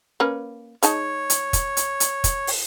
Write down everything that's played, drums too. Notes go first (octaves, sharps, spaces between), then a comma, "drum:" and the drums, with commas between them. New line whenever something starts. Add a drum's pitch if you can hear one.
A#3 C#4 B4
G#3 D#4 C#5 A5, drum: hi-hat
drum: hi-hat
drum: kick, hi-hat
drum: hi-hat
drum: hi-hat
drum: kick, hi-hat
drum: open hi-hat